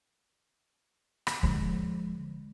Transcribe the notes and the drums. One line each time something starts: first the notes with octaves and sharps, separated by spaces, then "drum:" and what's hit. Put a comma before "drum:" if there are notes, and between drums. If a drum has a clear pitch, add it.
drum: rim click
D3 F3 G#3, drum: kick